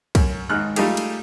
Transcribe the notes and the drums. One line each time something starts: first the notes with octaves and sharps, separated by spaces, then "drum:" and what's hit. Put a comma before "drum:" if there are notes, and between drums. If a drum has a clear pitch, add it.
F#2, drum: kick, cymbal
G#1 G#2 F6 F#6
G3 A3 D#4 F4 G4 G#4, drum: cymbal
drum: cymbal